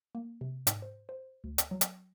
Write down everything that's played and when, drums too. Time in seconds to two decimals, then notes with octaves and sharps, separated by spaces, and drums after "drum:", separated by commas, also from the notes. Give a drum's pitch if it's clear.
0.15 A#3
0.41 C3
0.67 G#2, drum: hi-hat
0.82 C5
1.09 C5
1.44 D2
1.58 drum: hi-hat
1.71 F#3
1.81 drum: hi-hat